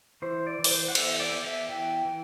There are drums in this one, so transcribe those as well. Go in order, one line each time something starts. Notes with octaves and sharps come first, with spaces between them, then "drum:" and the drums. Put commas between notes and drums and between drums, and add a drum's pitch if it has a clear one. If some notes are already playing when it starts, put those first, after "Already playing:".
E3 C5
D5
E3
D5, drum: open hi-hat
C5
F#5
B3 E5, drum: cymbal
D5
B3
E5
E3 G5
E3